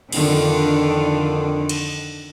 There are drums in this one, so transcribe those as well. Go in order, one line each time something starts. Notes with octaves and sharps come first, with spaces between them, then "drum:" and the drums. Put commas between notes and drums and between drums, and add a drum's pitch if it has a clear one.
F2 D3 D#3 D4, drum: cymbal
drum: cymbal